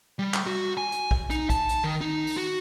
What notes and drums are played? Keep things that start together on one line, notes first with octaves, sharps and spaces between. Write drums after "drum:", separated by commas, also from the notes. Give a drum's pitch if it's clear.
G3
drum: clap
F#4
G#5
drum: hi-hat
drum: kick
D#4, drum: hi-hat
A5, drum: kick, hi-hat
drum: hi-hat
D#3
D#4
drum: open hi-hat
F#4